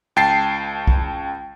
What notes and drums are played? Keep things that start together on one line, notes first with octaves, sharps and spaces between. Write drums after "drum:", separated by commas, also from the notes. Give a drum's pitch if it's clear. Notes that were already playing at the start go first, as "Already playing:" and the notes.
C#2 G5 A5 A6 C7
drum: kick B1